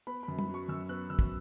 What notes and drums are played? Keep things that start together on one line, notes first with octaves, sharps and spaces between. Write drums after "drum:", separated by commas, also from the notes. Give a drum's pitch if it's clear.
B3 B5
B5
F#2
B5, drum: tom
F#3
C#6
F#2 E6
B3 F#6
F#2 E6
drum: kick